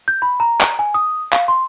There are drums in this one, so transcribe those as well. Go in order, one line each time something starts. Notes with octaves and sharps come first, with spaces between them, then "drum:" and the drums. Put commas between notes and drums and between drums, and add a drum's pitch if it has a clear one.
G6
B5
A#5
drum: clap
G#5
D#6
F5, drum: clap
C6